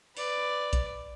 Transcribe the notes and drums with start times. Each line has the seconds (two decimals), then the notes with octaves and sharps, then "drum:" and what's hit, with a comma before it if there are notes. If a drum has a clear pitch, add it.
0.17 B4 D5, drum: open hi-hat
0.73 drum: kick A#1, hi-hat